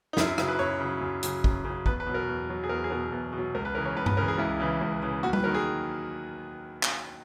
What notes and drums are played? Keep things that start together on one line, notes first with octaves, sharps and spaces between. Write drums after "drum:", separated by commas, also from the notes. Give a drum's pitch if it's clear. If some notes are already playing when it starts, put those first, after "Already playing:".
D#4
F#2 E4, drum: snare
C#3 F#3, drum: rim click
B4
F#2 C#5
C#3 F#3
F#2
C#3 F#3, drum: hi-hat
F#2, drum: kick
C#3
F#3
E2 B4, drum: kick
B4
B2 F#3
A#4
E2
B2 F#3
G#4
E2 A#4
G#4
B2 F#3 A#4
E2
B2
F#3
C#2 A#4
B4
C#3 E3 A#4
C#5
C#2 B4
B4, drum: tom G2
C#3 E3 A#4
G#4
C#2 E4
C#3 E3
C#2
C#3 E3
D#2 F#4
B4, drum: tom G3
D#3 F#3 A#4
G#4
drum: clap